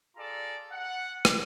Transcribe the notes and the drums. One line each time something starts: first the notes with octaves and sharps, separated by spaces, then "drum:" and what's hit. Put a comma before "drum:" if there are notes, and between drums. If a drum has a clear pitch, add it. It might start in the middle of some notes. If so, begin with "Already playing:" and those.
F4 G#4 A4 D5 A#5
F#5
drum: rim click